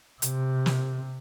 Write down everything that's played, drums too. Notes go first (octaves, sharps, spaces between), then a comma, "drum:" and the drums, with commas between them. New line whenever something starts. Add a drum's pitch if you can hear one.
C3, drum: hi-hat
drum: snare